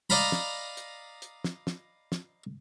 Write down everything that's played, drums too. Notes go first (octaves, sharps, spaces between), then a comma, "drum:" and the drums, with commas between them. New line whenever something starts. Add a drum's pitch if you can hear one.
D5 D#5 F5 A#5 B5
drum: snare
drum: hi-hat
drum: hi-hat
drum: snare
drum: snare
drum: snare